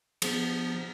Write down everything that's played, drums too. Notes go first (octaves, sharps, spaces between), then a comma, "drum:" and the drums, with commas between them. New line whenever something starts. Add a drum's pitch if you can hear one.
F3 B3, drum: cymbal